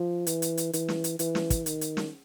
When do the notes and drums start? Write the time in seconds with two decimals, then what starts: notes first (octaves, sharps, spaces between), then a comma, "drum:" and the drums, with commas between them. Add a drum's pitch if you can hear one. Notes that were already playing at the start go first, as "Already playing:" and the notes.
Already playing: F3
0.27 E3, drum: hi-hat
0.42 drum: hi-hat
0.58 drum: hi-hat
0.73 E3, drum: hi-hat
0.88 drum: snare
1.04 drum: hi-hat
1.19 E3, drum: hi-hat
1.35 drum: snare
1.50 drum: kick, hi-hat
1.66 D#3, drum: hi-hat
1.81 drum: hi-hat
1.97 drum: snare